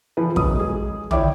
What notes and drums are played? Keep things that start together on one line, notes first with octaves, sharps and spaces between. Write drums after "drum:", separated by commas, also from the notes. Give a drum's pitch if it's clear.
E3 F3 E4 B4
F#2 C#3 D#5 D#6, drum: kick
G#3 G#4
E4 C#5 D5 E5 G5 D6, drum: tom